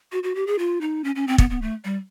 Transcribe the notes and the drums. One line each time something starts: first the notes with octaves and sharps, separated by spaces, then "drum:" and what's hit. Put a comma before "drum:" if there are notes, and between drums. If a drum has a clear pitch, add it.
F#4
F#4
G4
G#4
F4
D#4
C#4
C#4
C4
B3, drum: kick
B3
A3
G3